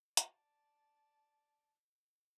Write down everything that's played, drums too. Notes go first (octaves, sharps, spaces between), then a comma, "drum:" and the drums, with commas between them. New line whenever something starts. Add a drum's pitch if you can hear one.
D5 A5, drum: hi-hat